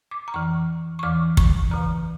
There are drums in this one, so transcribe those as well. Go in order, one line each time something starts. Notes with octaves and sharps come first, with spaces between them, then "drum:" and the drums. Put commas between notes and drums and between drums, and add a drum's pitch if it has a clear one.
D6
A#5
F2 E3 C#6
C#6
E2 E3 D6
C#6, drum: kick
E2 C#3 E3 A#5